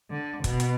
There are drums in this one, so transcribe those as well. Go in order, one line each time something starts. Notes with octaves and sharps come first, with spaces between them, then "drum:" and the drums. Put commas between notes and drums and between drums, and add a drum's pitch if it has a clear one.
D3
B2, drum: kick, hi-hat
drum: hi-hat